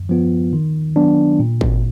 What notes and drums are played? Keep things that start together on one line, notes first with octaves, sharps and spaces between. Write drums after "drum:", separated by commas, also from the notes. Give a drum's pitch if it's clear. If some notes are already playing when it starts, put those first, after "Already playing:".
Already playing: F#2
F3 B3 F4
D#3
F#3 B3 D4
A#2
drum: kick G#1